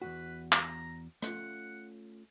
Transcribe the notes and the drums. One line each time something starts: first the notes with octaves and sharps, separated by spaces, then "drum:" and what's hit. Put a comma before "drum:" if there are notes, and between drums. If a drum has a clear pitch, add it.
E2 G#2 F#4 B4
A#5, drum: clap
A3 C#4 F4 F#5, drum: rim click